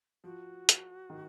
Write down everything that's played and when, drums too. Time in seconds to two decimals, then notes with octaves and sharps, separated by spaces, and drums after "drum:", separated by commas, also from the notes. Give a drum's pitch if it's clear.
0.24 F3 F#4
0.69 drum: hi-hat
1.10 D#3